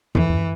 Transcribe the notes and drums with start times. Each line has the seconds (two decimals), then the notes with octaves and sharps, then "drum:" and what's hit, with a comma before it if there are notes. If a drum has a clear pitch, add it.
0.15 E2 E3, drum: tom
0.30 E2